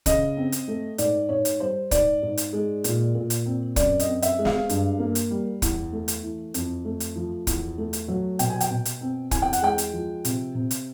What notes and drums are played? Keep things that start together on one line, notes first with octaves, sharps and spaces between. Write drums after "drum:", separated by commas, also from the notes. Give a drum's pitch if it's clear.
C#3 D#5, drum: kick, hi-hat
C4
drum: hi-hat
A3
G#2 D5, drum: hi-hat
G#2 C#5
drum: hi-hat
G3 C5
G#2 D5, drum: kick, hi-hat
G#2
drum: hi-hat
G#3
A#2, drum: hi-hat
A#2
drum: hi-hat
C4
F#2 D5, drum: kick, hi-hat
D#5, drum: hi-hat
C4
E5, drum: hi-hat
G#3
F5, drum: snare
G2, drum: hi-hat
A#3
drum: hi-hat
G3
E2, drum: kick, hi-hat
A3
drum: hi-hat
E3
F2, drum: hi-hat
A3
drum: hi-hat
F3
E2, drum: kick, hi-hat
A3
drum: hi-hat
F#3
B2 G5, drum: hi-hat
G#5
G5, drum: hi-hat
B2
drum: hi-hat
C4
E2 G#5, drum: kick, hi-hat
G5
F#5, drum: hi-hat
G#3 G5
drum: hi-hat
F3
C3, drum: hi-hat
C3
drum: hi-hat